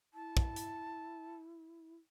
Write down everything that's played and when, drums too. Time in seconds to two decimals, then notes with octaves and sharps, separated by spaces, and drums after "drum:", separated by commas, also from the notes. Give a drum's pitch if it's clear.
0.14 E4 A5
0.37 drum: kick
0.56 drum: hi-hat